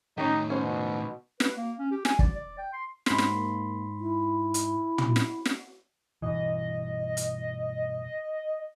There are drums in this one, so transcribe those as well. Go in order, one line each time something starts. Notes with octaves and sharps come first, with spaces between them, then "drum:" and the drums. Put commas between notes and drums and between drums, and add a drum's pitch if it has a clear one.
A2 D#3 C#4 D#4 G4
B2 C#4 C5
B4, drum: snare
A#3
C#4
G4
G#5, drum: snare
D5, drum: kick
D5
G5
C6
G#2 B5 C6, drum: snare
drum: snare
A#3
E4
drum: hi-hat
drum: tom
drum: snare
drum: snare
G2 B2 E3 D#5
drum: hi-hat